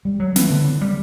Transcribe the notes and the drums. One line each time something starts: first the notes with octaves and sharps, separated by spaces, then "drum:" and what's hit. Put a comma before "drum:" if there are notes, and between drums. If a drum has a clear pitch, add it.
G3
F#3
E3, drum: snare
D3
G3